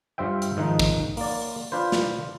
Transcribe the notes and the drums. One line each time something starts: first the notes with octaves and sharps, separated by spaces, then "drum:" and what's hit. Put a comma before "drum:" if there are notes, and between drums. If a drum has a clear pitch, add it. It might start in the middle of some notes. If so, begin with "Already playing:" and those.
G2 F4 C5 E5 G5
drum: hi-hat
G#2 D#3 F3 D#4
drum: kick
A#3 D5, drum: open hi-hat
D4 F4 B4 C5
drum: snare